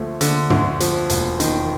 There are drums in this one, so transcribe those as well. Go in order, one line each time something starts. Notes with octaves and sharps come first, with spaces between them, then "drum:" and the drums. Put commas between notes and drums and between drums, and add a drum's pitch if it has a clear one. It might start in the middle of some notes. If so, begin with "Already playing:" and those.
Already playing: D2 F3 A3
D3, drum: hi-hat
D2, drum: tom
F3, drum: hi-hat
E1, drum: hi-hat
D#3, drum: hi-hat